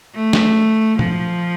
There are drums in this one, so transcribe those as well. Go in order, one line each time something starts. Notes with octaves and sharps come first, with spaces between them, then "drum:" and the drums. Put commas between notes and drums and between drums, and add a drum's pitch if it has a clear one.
A3
drum: snare
F3, drum: tom A#2